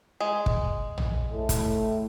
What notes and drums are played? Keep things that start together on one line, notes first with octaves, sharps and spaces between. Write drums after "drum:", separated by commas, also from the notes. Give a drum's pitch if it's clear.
G#3
drum: kick
drum: tom A#1
A2 A3
drum: kick, hi-hat